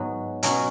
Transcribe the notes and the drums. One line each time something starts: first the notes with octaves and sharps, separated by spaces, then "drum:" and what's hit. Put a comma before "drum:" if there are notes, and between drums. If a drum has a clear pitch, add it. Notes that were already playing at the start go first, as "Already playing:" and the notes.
Already playing: G#2 F#3 B3
B2 F#3 C#4, drum: hi-hat